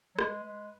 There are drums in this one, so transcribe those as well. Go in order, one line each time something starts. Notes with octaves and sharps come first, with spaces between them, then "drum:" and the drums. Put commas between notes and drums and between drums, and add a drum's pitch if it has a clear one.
F#3
G#3 B4, drum: rim click
G#3